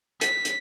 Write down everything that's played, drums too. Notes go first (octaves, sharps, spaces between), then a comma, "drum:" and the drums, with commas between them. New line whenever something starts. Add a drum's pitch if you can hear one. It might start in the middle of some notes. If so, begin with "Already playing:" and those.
B6, drum: hi-hat
drum: hi-hat